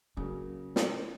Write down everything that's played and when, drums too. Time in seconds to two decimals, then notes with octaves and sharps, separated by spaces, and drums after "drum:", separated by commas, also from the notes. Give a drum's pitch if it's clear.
0.17 C#3 F#3 A#3 C#4
0.76 drum: snare